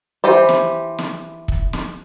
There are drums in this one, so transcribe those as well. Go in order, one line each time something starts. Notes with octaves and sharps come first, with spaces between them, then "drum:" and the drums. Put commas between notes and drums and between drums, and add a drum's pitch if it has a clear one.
E3 G4 C5
drum: snare
drum: snare
drum: kick
drum: snare